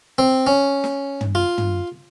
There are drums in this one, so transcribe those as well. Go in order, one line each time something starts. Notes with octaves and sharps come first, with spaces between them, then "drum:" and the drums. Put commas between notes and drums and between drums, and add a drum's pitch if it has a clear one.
C4
C#4
drum: snare
drum: tom
F4
drum: tom